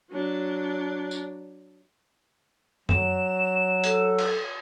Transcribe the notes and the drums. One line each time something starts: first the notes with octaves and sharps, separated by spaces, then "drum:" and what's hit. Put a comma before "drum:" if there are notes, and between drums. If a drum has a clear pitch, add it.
F#3 D4
drum: tambourine
F#3 E7, drum: tom F#2
A4, drum: hi-hat
drum: cymbal